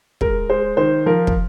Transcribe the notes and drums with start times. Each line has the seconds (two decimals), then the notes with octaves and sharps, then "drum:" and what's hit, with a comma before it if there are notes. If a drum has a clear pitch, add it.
0.21 G#3 A#4, drum: kick
0.50 G#3 C5
0.77 D#3 C5
1.06 F3 A#4
1.27 drum: kick